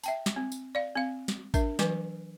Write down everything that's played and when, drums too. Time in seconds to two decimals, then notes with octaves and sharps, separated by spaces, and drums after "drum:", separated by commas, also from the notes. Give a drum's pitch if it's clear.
0.04 E5 G5 A5, drum: tambourine
0.26 drum: snare
0.36 C4
0.52 drum: tambourine
0.75 D5 F5
0.95 C4 F5
1.28 drum: snare
1.54 D4 A#4 E5, drum: kick A1, tambourine
1.79 E3 F#3 B4 G#5, drum: snare